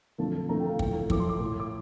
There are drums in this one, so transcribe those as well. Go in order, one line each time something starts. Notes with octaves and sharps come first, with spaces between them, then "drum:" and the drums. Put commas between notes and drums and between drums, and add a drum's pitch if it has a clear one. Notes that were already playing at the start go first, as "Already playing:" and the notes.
F2 D3 F3 A3 A5
F2 D3 F3 A3 A#5
G5
F5
A2 F3 A3 G5, drum: kick
A2 F3 A3 D6, drum: kick
C6
D6
A2 A3
D6